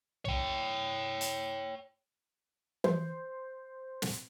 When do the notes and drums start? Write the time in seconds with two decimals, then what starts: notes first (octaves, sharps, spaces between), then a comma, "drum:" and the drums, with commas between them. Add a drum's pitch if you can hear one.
0.25 C#5 G5, drum: tom
1.21 drum: hi-hat
2.84 C5, drum: tom E3
4.02 drum: snare